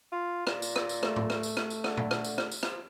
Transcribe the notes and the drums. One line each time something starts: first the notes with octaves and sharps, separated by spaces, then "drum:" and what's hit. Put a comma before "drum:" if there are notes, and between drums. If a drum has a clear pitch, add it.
F4
A#2, drum: rim click
drum: tambourine
drum: rim click
drum: tambourine
A3, drum: rim click
drum: tom A2
drum: rim click
drum: tambourine
drum: rim click
drum: tambourine
D3, drum: rim click
drum: tom A#2
drum: rim click
drum: tambourine
drum: rim click
drum: tambourine
F3, drum: rim click